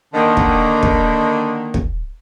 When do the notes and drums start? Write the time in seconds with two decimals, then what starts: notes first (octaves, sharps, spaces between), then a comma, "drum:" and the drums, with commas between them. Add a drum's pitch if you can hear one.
0.14 D3 D#3 A#3
0.37 drum: kick
0.83 drum: kick
1.74 drum: kick